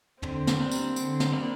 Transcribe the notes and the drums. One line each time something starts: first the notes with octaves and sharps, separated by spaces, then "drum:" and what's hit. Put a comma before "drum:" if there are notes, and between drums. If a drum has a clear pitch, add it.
D3 C4, drum: tom
drum: snare
G3 A#3 D4
drum: tambourine
D3, drum: tambourine
drum: snare
G3 A#3 D4